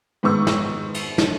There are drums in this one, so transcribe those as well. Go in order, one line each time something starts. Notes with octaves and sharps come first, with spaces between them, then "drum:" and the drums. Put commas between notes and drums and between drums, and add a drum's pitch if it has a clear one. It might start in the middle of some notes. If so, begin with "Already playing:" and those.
G#2 D#3 B3 C#6 E6
drum: snare
drum: cymbal
drum: snare